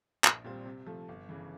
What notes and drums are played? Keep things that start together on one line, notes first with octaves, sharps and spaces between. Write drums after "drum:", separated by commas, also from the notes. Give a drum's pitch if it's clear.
A#1, drum: clap
A#2 G3 C4
C3
F3 A3
G1
C#3 E3